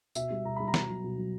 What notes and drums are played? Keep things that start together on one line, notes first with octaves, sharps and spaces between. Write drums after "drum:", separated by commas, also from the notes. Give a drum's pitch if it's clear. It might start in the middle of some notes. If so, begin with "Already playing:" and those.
B2 E5, drum: tambourine
G3
B2 A#5
G3 B5
A#5
B2, drum: snare
F#3
B2
F#3